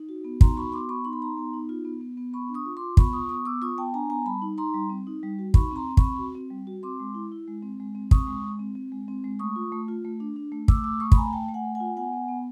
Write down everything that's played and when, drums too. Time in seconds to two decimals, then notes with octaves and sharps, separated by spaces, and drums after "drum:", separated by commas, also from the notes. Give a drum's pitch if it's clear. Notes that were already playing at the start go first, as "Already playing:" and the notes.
Already playing: D#4
0.09 F#4
0.24 B3
0.41 D#4 A#5 C6, drum: kick
0.57 F#4 B5 C#6
0.72 B3 C6 D6
0.89 B3 B5 C#6
1.05 D#4 C6
1.13 B5
1.22 D#4 A#5 C6
1.38 B3
1.53 D#4
1.69 F4
1.85 B3
2.01 B3
2.17 B3
2.33 B3 B5 C#6
2.49 D4
2.54 C#6 D#6
2.65 F4
2.77 C6 D6
2.81 F4
2.97 B3 B5 C#6, drum: kick
3.13 F4 C#6 D#6
3.29 B3 C#6 D#6
3.45 B3 D6 E6
3.62 F4 C#6 D#6
3.78 B3 G5 A5
3.94 D4 G#5 A#5
4.10 B3 G#5 A#5
4.26 G3 A5 B5
4.42 D#4
4.58 D#4 A#5 C6
4.74 G3
4.90 C4
5.07 D#4
5.23 G3
5.39 F#4
5.54 D#4 B5 C#6, drum: kick
5.71 C4 A#5 C6
5.87 C4
5.97 B5 C#6, drum: kick
6.03 C4
6.18 F#4
6.35 C4
6.51 G3
6.67 F#4
6.83 C4 C6 D6
7.00 G#3
7.14 E4
7.32 E4
7.48 G#3
7.63 C4
7.80 G#3
7.95 C4
8.11 C4 C#6 D#6, drum: kick
8.27 G#3
8.44 G#3
8.59 C4
8.75 C4
8.92 G#3
9.08 C4
9.24 G#3
9.39 A3 C#6 D#6
9.56 F4
9.72 A3
9.88 F4
10.05 A3
10.20 D4
10.36 D4
10.52 A3
10.68 A3 D6 E6, drum: kick
10.84 A3 D6 E6
11.00 A3 C#6 D#6
11.12 B5, drum: kick
11.16 A3 G#5 A#5
11.33 A3 G5 A5
11.49 A3
11.54 F#5 G#5
11.65 A3
11.75 F#5 G#5
11.80 F4
11.96 B3 F#5 G#5
12.13 B3
12.28 B3